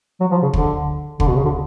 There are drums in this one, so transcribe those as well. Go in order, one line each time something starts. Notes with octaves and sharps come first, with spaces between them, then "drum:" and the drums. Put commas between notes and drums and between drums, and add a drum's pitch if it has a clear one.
F#3
F3
C#3
D3, drum: kick
D3, drum: kick
B2
C#3
D3